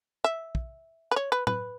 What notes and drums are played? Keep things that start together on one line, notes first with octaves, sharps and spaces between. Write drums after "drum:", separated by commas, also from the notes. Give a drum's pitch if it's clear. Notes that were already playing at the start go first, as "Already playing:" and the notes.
E5
drum: kick
B4
C#5
B4
B4, drum: tom A2